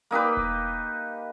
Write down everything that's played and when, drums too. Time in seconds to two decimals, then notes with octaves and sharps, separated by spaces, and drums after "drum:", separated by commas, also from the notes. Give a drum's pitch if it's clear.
0.11 A#3 D#4 G4 B4
0.37 drum: kick E1